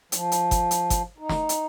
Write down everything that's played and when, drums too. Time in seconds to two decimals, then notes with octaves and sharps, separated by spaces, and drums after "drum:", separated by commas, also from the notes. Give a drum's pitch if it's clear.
0.12 F3, drum: hi-hat
0.32 drum: hi-hat
0.51 drum: kick G1, hi-hat
0.71 drum: hi-hat
0.90 drum: kick G1, hi-hat
1.18 D#4
1.29 drum: snare
1.49 drum: hi-hat